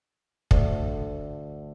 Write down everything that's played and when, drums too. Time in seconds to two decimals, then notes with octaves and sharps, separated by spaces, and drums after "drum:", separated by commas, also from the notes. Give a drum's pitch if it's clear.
0.51 D2 D3 A3, drum: kick